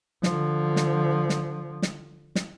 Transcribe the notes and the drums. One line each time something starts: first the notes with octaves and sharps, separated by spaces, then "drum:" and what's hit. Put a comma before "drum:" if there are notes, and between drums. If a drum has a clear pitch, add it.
D3 F3, drum: snare
drum: snare
drum: snare
drum: snare
drum: snare